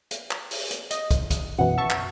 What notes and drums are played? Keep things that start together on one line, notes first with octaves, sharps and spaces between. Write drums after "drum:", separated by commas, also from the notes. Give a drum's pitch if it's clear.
drum: hi-hat
drum: clap
drum: open hi-hat
drum: hi-hat
D#5, drum: hi-hat
drum: kick, hi-hat
drum: kick, hi-hat
F#2 B2 E3 F#5
E5 A5 C#6
drum: clap